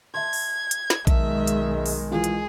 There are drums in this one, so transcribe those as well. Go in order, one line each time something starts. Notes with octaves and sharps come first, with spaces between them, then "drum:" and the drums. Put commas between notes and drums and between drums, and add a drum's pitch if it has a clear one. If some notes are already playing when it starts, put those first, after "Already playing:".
E5 A5 C6 G#6
drum: open hi-hat
drum: hi-hat
drum: snare
B1 D#3 G#3 E5 A5, drum: kick A#1, hi-hat
drum: hi-hat
drum: open hi-hat
E3 F4 G#4
drum: hi-hat